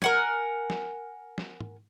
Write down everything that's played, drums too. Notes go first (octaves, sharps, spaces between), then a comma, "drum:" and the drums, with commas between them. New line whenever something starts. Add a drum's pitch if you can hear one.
A#4 F#5 G#5, drum: snare
drum: snare
drum: snare
drum: tom G#2